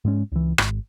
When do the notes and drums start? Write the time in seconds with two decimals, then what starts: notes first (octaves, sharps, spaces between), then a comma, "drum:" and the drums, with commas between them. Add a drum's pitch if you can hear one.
0.05 G#2 G#3 C#4
0.32 C#2 E3
0.58 G#1, drum: rim click